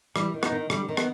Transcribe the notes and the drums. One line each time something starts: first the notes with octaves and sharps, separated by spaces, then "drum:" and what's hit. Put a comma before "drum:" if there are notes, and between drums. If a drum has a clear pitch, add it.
E3 G3, drum: rim click
D#3
B3 D#4, drum: rim click
D#3
D3 G3, drum: rim click
D#3
B3, drum: rim click